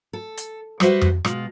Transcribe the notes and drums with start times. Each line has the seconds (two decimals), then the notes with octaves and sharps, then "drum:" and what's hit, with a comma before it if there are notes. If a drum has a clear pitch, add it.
0.13 A4
0.37 drum: hi-hat
0.80 G3 F#4 B4 C5 E5 F#5, drum: rim click
1.01 drum: tom F2
1.25 B2 G#3 F4, drum: rim click